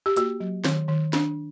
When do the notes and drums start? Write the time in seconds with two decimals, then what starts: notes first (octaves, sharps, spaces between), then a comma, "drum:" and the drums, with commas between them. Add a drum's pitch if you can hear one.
0.06 G4
0.17 A#3 F#4, drum: hi-hat
0.40 F#3
0.64 D#3, drum: snare
0.88 D#3
1.13 D4, drum: snare